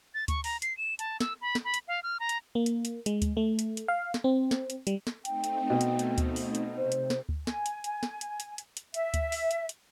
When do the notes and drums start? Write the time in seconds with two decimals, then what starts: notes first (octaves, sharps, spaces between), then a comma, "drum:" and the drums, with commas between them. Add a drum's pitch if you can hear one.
0.14 A6
0.28 C#6, drum: kick D2, hi-hat
0.44 A#5, drum: open hi-hat
0.62 C7, drum: hi-hat
0.77 E7
0.99 A5, drum: hi-hat
1.20 E6, drum: snare
1.41 B5
1.55 drum: snare
1.64 B5
1.74 drum: hi-hat
1.88 F5
2.03 F6
2.20 A#5
2.29 drum: hi-hat
2.55 A#3
2.66 drum: hi-hat
2.85 drum: hi-hat
3.06 G#3, drum: hi-hat
3.22 drum: kick D2, hi-hat
3.37 A3
3.59 drum: hi-hat
3.77 drum: hi-hat
3.88 F5
4.14 drum: snare
4.24 C4
4.51 drum: snare
4.70 drum: hi-hat
4.87 G3, drum: hi-hat
5.07 drum: snare
5.25 A3 C4 D#4 G5, drum: hi-hat
5.44 drum: hi-hat
5.70 B2
5.81 drum: hi-hat
5.99 drum: hi-hat
6.18 drum: kick D2, hi-hat
6.36 drum: open hi-hat
6.55 drum: hi-hat
6.77 C3 C5
6.92 drum: hi-hat
7.10 drum: snare
7.29 drum: kick D2
7.47 G#5, drum: snare
7.66 drum: hi-hat
7.84 drum: hi-hat
8.03 drum: snare
8.21 drum: hi-hat
8.40 drum: hi-hat
8.58 drum: hi-hat
8.77 drum: hi-hat
8.94 E5, drum: hi-hat
9.14 drum: kick D2, hi-hat
9.32 drum: open hi-hat
9.51 drum: hi-hat
9.69 drum: hi-hat